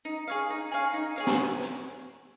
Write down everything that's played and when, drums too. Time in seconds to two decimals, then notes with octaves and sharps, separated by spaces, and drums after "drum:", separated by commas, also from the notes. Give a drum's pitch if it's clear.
0.05 D#4
0.28 G#4 C#5 F5
0.50 D#4
0.71 G#4 C#5 F5
0.94 D#4
1.16 G#4 C#5 F5
1.27 drum: snare
1.63 drum: hi-hat